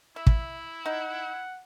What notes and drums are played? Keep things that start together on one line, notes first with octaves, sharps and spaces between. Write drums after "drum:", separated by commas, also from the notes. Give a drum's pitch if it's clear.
E4 E5
drum: kick
D#4 F#5